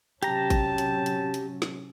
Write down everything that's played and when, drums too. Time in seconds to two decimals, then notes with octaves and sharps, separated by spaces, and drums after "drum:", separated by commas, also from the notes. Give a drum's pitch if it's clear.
0.23 C3 F#3 C#4 G4 A5 A#5, drum: hi-hat
0.50 drum: kick G#1, hi-hat
0.78 drum: hi-hat
1.06 drum: hi-hat
1.34 drum: hi-hat
1.62 drum: snare